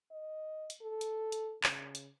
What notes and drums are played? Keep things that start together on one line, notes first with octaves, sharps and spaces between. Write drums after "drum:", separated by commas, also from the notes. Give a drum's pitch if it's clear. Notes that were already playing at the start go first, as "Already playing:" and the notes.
D#5
drum: hi-hat
A4
drum: hi-hat
drum: hi-hat
C#3, drum: clap
drum: hi-hat